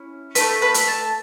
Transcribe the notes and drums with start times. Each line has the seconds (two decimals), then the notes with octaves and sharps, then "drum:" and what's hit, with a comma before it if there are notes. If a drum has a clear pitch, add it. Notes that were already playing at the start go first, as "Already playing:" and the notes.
Already playing: C#4 E4
0.35 A3 E4 A4 B4, drum: hi-hat
0.62 B4
0.74 drum: hi-hat
0.88 A5